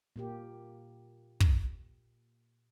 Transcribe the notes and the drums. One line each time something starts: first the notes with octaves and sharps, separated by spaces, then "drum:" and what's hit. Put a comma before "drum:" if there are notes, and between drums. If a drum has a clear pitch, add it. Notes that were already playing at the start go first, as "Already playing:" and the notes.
A#2 A#3 G4
drum: kick